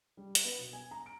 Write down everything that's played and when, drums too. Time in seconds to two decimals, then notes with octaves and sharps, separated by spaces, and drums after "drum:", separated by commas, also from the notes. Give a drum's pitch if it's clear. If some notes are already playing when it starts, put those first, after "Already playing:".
0.17 G3
0.35 drum: hi-hat
0.45 B3
0.59 B2
0.73 G#5
0.91 A#5
1.06 D7